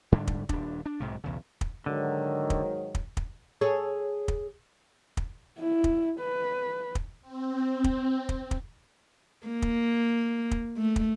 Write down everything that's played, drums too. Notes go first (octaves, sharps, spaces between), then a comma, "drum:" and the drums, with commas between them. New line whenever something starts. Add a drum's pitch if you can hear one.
G#2 D3 G3 D4
drum: kick
D#1 D4, drum: kick
D4
B1 G#2 C3
B1 E2 C#3
drum: kick
G#2 D3 D#3 F#3
drum: kick
drum: kick
drum: kick
G#4 A4 C#5
drum: kick
drum: kick
E4
drum: kick
B4
drum: kick
C4
drum: kick
drum: kick
drum: kick
A#3
drum: kick
drum: kick
A3
drum: kick